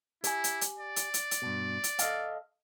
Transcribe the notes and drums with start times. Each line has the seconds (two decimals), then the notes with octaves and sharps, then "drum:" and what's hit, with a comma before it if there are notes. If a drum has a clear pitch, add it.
0.24 E4 G4 G#5, drum: hi-hat
0.44 drum: hi-hat
0.61 drum: hi-hat
0.79 D5
0.96 drum: hi-hat
1.14 drum: hi-hat
1.31 drum: hi-hat
1.42 G2 B2
1.84 drum: hi-hat
1.99 A4 D#5 F5, drum: hi-hat